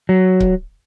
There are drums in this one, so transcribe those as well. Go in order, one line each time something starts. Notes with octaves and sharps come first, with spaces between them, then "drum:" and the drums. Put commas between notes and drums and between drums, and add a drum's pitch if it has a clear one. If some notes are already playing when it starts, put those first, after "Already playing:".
F#3
drum: kick C#1